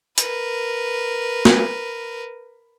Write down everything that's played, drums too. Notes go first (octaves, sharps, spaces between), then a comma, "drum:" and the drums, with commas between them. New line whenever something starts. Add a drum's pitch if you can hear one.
A#4 B4, drum: hi-hat
drum: snare